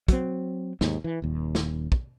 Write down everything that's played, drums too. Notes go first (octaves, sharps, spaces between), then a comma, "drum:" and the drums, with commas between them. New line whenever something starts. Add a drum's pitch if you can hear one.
F#3 C4, drum: kick, hi-hat
D#2 G#2, drum: snare
E3
D#1 D#2
drum: snare
drum: kick